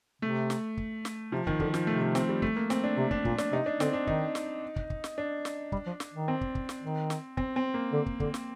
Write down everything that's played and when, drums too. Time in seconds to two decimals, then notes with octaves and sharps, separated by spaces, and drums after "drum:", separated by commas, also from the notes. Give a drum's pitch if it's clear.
0.22 C3 A3
0.50 drum: snare
0.77 drum: kick
1.05 drum: snare
1.32 C3 F3
1.47 D#3, drum: kick
1.60 D3 F3, drum: kick
1.74 F3, drum: snare
1.87 C3 A3
2.01 A3
2.15 C4, drum: snare
2.29 G3
2.42 A3, drum: kick
2.56 A#3
2.70 C4, drum: snare
2.84 D4
2.97 C3
3.11 D4, drum: kick
3.25 A#2, drum: kick
3.38 D4, drum: snare
3.52 C3 D#4
3.66 D4
3.80 D3 C4, drum: snare
3.93 D4
4.07 D#3 D#4, drum: kick
4.35 drum: snare
4.76 drum: kick
4.90 drum: kick
5.04 drum: snare
5.18 D4
5.45 drum: snare
5.72 G3, drum: kick
5.86 F3
6.00 drum: snare
6.14 D#3
6.28 C4
6.41 drum: kick
6.55 drum: kick
6.69 drum: snare
6.83 D#3
7.10 drum: snare
7.37 C4, drum: kick
7.56 C4
7.74 A#3
7.92 D3
8.06 drum: kick
8.20 D3, drum: kick
8.34 drum: snare